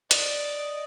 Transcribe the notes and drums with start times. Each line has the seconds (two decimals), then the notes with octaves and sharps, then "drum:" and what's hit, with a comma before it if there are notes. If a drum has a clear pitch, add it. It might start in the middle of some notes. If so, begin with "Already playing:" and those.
0.11 D5 D#5, drum: hi-hat